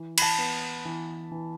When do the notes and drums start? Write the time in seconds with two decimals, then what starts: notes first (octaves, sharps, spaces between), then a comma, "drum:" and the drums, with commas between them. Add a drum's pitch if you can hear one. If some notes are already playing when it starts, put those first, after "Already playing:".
Already playing: E3
0.18 B5, drum: cymbal
0.22 A5
0.38 B3
0.85 E3
1.32 E3